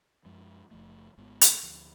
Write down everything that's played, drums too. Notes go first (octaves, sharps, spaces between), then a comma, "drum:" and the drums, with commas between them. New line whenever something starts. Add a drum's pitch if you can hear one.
F#2 F3 G#3
F#1 F2 F3 A3
G#1 G#2 G#3 B3
drum: hi-hat
D2 D3 F3